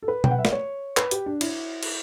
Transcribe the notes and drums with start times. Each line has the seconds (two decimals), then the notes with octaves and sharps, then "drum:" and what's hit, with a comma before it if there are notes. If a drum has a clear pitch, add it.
0.03 A4
0.08 B4
0.24 G5, drum: tom B2
0.31 F#5
0.38 E5
0.45 D5, drum: snare
0.52 C#5
0.97 B4, drum: clap
1.11 G4, drum: hi-hat
1.26 D4
1.41 E4, drum: cymbal
1.83 drum: cymbal